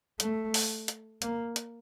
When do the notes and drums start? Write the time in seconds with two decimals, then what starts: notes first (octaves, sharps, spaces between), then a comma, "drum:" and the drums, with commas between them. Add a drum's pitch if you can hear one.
0.20 A3, drum: hi-hat
0.54 drum: open hi-hat
0.88 drum: hi-hat
1.22 A#3, drum: hi-hat
1.56 drum: hi-hat